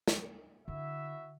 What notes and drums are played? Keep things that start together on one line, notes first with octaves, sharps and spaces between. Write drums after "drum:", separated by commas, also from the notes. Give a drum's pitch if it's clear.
drum: snare
D3 E4 F#4 E5